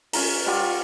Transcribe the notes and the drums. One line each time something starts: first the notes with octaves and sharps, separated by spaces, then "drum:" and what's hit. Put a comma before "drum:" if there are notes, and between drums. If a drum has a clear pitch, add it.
C#4 F4 A#5, drum: open hi-hat
G3 F4 G4 F#5